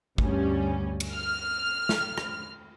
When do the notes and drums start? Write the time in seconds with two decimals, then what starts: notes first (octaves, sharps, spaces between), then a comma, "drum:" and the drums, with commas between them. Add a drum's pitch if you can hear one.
0.18 D2 G2 G3 C#4, drum: kick
1.00 drum: cymbal
1.14 F6
1.89 drum: snare
2.18 drum: rim click